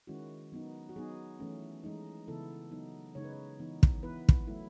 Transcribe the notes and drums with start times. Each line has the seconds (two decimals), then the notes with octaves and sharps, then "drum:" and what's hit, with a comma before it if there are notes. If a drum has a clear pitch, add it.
0.07 D#3 G#3 C#4 E4 F#4
0.52 F#3 B3 D#4
0.89 F#4
0.96 F#3 B3 D#4 G#4
1.40 E3 A3 C#4
1.84 E3 G#3 D#4
2.28 C#3 E3 B3 E4 A4
2.71 F#3 B3 D#4
3.15 C#3 G#3 D#4 C#5
3.25 B4
3.33 C#5
3.60 E3 B3 D#4
3.83 drum: kick
4.03 E3 B3 E4 B4
4.29 drum: kick
4.47 F#3 A3 E4